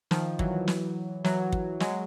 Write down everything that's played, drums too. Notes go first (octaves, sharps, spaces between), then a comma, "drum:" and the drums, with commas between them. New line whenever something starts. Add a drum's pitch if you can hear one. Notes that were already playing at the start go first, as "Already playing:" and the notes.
D#3 F3, drum: snare
E3 F#3, drum: kick
drum: snare
E3 F#3, drum: snare
drum: kick
F#3 G#3, drum: snare